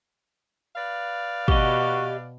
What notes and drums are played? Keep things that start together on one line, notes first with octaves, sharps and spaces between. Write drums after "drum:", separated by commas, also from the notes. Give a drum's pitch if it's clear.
B4 D5 F5
B2 F#4 G4 D#5, drum: kick